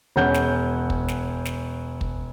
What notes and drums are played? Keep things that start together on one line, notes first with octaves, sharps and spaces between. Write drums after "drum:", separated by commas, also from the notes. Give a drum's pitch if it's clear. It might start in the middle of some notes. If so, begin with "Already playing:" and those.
E1 C#4 F#5 G6
drum: snare
drum: kick
drum: snare
drum: snare
drum: kick